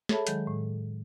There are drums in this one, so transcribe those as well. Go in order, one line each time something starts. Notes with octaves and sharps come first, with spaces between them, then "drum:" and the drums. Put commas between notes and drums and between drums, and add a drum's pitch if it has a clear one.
G#4 A4 C#5 E5 A5 B5, drum: snare
D#3 F#3 G#3 G6, drum: hi-hat
A2